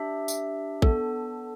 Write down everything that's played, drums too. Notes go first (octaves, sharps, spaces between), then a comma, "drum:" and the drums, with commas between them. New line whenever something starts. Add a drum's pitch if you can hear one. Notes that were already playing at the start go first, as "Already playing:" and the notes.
Already playing: D4 G4 E5
drum: tambourine
B3 D4 A4, drum: kick